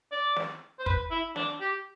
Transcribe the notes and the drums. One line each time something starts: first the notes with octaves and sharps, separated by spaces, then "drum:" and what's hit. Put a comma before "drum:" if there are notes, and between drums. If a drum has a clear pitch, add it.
D5
drum: snare
C5
B4, drum: kick
E4
D4, drum: snare
G4